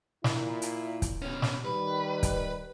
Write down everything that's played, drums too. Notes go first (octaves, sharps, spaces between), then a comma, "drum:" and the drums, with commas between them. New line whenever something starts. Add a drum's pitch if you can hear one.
A#2 E4, drum: snare
drum: hi-hat
drum: kick, hi-hat
B2 C#4
drum: snare
D#3 G3 B4
drum: kick, hi-hat